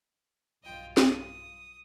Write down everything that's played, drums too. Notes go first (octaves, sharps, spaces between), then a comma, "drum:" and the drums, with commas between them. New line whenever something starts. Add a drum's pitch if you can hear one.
B1 G2 F4 D#5 G5
D#6, drum: snare